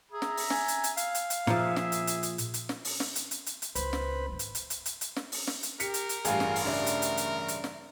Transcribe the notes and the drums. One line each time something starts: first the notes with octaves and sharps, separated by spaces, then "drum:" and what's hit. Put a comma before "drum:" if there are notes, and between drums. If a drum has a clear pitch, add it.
G#4 E5 A#5
drum: snare
drum: open hi-hat
G#5, drum: snare
drum: hi-hat
drum: hi-hat
F5, drum: hi-hat
drum: hi-hat
drum: hi-hat
A#2 F3 G#4 E5, drum: snare
drum: snare
drum: hi-hat
drum: hi-hat
drum: hi-hat
drum: hi-hat
drum: hi-hat
drum: snare
drum: open hi-hat
drum: snare
drum: hi-hat
drum: hi-hat
drum: hi-hat
drum: hi-hat
C#2 B3 B4 C5 B5, drum: hi-hat
drum: snare
G#2 D#3
drum: hi-hat
drum: hi-hat
drum: hi-hat
drum: hi-hat
drum: hi-hat
drum: snare
drum: open hi-hat
drum: snare
drum: hi-hat
G4 A#4 B6 C#7, drum: hi-hat
drum: hi-hat
drum: hi-hat
A1 G2 F4 G#4 F5, drum: hi-hat
drum: snare
drum: open hi-hat
C#3 D4 E5
drum: hi-hat
drum: hi-hat
drum: hi-hat
drum: hi-hat
drum: snare